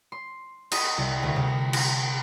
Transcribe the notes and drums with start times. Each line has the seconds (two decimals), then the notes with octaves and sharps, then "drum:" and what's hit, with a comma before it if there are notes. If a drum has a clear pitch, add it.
0.12 C6
0.71 D#5, drum: cymbal
0.98 C2
1.23 D2
1.36 C3
1.73 drum: cymbal